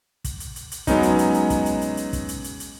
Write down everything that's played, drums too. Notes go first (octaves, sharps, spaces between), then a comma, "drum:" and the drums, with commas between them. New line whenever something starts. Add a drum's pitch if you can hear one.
drum: kick, hi-hat
drum: hi-hat
drum: hi-hat
drum: hi-hat
F#3 G#3 B3 C#4 D#4, drum: kick, hi-hat
drum: hi-hat
drum: hi-hat
drum: hi-hat
drum: kick, hi-hat
drum: hi-hat
drum: hi-hat
drum: hi-hat
drum: kick, hi-hat
drum: hi-hat
drum: hi-hat
drum: hi-hat